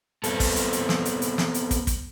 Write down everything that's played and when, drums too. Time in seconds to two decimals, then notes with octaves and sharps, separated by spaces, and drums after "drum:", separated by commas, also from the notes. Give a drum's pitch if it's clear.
0.24 B3 C4 A4, drum: hi-hat
0.40 drum: kick, open hi-hat
0.56 drum: hi-hat
0.73 drum: hi-hat
0.89 drum: snare
1.05 drum: hi-hat
1.22 drum: hi-hat
1.38 drum: snare
1.54 drum: hi-hat
1.71 drum: kick, hi-hat
1.87 drum: kick, hi-hat